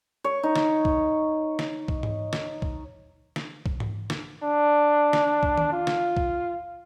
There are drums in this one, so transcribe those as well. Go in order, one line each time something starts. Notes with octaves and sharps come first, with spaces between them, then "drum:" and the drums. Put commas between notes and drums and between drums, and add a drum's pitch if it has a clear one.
C#5
D#4
drum: snare
drum: kick B1
drum: snare
drum: kick B1
drum: tom G#2
drum: snare
drum: kick B1
drum: snare
drum: kick B1
drum: tom G#2
drum: snare
D4
drum: snare
drum: kick B1
drum: tom D#3
F4
drum: snare
drum: kick B1